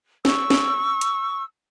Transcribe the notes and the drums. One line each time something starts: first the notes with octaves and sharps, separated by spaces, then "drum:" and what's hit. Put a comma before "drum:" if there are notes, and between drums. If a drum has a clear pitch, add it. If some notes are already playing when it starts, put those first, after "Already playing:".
C#6 E6, drum: snare
drum: snare
drum: hi-hat